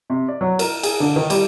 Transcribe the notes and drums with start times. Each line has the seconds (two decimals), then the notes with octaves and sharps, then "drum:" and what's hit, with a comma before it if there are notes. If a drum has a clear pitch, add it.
0.10 C3
0.28 D5
0.41 F#3
0.59 A#4, drum: cymbal
0.83 G#4, drum: cymbal
1.00 D3
1.16 D#3
1.30 G3, drum: cymbal